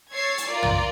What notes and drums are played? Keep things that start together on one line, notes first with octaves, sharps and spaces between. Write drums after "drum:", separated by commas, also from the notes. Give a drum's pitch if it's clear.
C#5 E6 G#6 A6 C7
drum: hi-hat
F4 A#4 D5
drum: tom